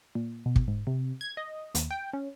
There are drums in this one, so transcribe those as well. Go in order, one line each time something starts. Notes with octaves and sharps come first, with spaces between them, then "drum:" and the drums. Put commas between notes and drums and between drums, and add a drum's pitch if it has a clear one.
A#2
B2
drum: kick
G#2
C3
G#6
D#5
D#2, drum: hi-hat
G5
C#4